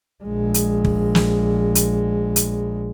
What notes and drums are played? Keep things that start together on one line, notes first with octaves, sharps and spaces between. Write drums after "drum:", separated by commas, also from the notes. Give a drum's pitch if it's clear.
A#1 G#3
drum: hi-hat
drum: kick
drum: snare
drum: hi-hat
drum: hi-hat